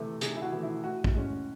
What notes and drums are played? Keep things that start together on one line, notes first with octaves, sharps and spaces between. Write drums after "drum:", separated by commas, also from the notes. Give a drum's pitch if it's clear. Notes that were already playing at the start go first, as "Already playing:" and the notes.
Already playing: C3 E3 A3
C3 G#4, drum: hi-hat
E4
F#4
E3 A3
E4
A2 F#4
drum: kick
G#3 C#4